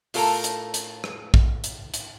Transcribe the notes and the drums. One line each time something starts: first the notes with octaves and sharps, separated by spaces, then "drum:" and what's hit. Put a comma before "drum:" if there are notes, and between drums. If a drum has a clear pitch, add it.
A2 F4 A4 A#4 A#5, drum: open hi-hat
drum: hi-hat
drum: hi-hat
drum: rim click
drum: kick
drum: hi-hat
drum: hi-hat